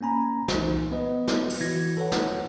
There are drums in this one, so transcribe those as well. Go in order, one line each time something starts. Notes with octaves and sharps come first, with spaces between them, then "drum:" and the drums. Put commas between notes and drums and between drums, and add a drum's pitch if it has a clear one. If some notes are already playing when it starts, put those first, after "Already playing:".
A#3 C#4 G#5 A#5 B5
C2 E3 D#4 C5, drum: snare
B3 B4 D#5
drum: snare
drum: open hi-hat
E3 E4 F#4 G#6 A#6
A4 B4 C#5 F#5
drum: snare